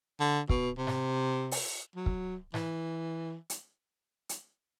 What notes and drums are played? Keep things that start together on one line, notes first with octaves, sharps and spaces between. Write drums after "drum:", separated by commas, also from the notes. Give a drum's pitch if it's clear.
D3
B2, drum: kick
C3
drum: snare G#2
drum: open hi-hat
F#3
drum: kick
E3, drum: snare G#2
drum: hi-hat
drum: hi-hat